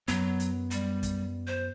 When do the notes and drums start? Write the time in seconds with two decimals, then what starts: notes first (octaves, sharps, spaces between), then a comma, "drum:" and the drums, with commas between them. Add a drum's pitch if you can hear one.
0.08 F#2 F#3 B3, drum: hi-hat
0.40 drum: hi-hat
0.71 G3, drum: hi-hat
1.03 drum: kick, hi-hat
1.47 C5